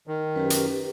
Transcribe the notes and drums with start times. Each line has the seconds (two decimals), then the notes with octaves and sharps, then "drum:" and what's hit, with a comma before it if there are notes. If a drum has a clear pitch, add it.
0.07 D#3
0.36 F#2 G4 B4
0.50 drum: hi-hat